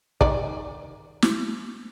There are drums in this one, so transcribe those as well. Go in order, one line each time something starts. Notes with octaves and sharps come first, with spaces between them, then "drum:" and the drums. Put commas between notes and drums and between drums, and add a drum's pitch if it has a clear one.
D#3 D5, drum: kick
drum: snare